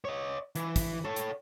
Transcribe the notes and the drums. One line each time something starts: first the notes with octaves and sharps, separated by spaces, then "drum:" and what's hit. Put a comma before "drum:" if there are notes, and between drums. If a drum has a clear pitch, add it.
C#5 D#5
E3, drum: hi-hat
drum: kick, hi-hat
A4 C#5
drum: hi-hat